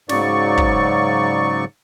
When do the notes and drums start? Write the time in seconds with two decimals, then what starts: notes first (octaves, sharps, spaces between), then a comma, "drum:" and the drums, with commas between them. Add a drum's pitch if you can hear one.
0.09 G#2 C#3 F#3 D5 C#6, drum: snare
0.57 drum: kick